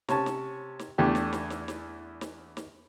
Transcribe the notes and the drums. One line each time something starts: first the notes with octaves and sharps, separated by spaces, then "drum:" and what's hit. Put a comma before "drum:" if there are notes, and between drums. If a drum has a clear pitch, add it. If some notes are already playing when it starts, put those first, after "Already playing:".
C3 C#4 C#5 A5, drum: snare
drum: snare
drum: snare
E2 A3 D4 G4
drum: snare
drum: snare
drum: snare
drum: snare
drum: snare
drum: snare